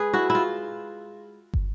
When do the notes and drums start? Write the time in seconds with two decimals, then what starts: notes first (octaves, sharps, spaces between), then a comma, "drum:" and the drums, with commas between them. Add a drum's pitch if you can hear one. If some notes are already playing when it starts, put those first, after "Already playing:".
Already playing: G#3 G#4 B4
0.13 E4 F#4
0.30 E4
0.35 F4
1.54 drum: kick